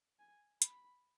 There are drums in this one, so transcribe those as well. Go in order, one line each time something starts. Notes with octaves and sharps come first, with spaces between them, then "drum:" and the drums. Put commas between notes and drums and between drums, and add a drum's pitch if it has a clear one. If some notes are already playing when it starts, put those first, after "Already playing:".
G#5
B5, drum: hi-hat